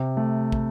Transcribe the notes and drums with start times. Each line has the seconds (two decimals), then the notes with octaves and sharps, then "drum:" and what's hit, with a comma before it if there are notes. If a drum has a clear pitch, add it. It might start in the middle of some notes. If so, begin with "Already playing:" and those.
Already playing: C3
0.17 A3
0.52 drum: kick